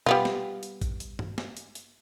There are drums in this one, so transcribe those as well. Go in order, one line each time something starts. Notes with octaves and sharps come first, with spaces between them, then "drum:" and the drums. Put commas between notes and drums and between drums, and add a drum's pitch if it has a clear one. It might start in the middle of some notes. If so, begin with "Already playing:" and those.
G3 B3 F4, drum: tom B2
drum: snare
drum: hi-hat
drum: kick, hi-hat
drum: hi-hat
drum: tom
drum: snare
drum: hi-hat
drum: hi-hat